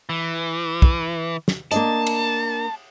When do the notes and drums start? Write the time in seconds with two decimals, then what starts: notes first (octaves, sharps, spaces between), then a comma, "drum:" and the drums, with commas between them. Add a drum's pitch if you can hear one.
0.09 E3
0.82 drum: kick
1.48 drum: snare
1.71 A#3 D4 D#5 A5, drum: hi-hat
2.06 drum: cymbal